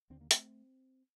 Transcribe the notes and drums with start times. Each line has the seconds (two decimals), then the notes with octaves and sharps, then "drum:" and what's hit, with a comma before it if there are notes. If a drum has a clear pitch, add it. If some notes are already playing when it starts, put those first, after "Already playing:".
0.10 D#2 D3 C4
0.21 A#3
0.31 A3 C4, drum: hi-hat